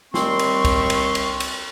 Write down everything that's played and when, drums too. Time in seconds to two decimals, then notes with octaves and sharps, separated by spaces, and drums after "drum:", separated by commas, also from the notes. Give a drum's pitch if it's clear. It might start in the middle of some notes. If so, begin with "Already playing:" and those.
0.14 D#2 G3 C4 C6 C#6, drum: snare
0.39 drum: cymbal
0.65 drum: kick, cymbal
0.90 drum: cymbal
1.15 drum: cymbal
1.40 drum: cymbal